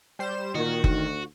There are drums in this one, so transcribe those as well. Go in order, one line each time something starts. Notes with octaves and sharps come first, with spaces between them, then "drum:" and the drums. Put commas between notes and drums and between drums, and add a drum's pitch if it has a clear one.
G3 C5 E7
A#2 D#3 F#4
D2, drum: kick F#1